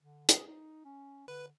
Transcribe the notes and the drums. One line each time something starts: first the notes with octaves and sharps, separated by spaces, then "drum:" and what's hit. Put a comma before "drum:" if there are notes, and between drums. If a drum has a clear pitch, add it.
D3
G#4, drum: hi-hat
D#4
C#4
D3 B4